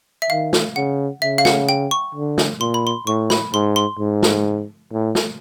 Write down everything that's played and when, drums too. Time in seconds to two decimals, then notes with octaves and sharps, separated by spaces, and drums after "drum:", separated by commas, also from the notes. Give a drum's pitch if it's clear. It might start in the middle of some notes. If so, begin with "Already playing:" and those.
0.22 E5
0.30 D#3 F5
0.53 drum: snare
0.76 C#3 F#5
1.22 C#3 E5
1.38 F5
1.45 F#5, drum: snare
1.69 G5
1.91 C#6
2.15 D3
2.38 drum: snare
2.61 A#2 C6
2.74 B5
2.87 C6
3.07 A2 C#6
3.30 B5, drum: snare
3.53 G#2 C6
3.76 C6
3.99 G#2
4.23 drum: snare
4.92 A2
5.15 drum: snare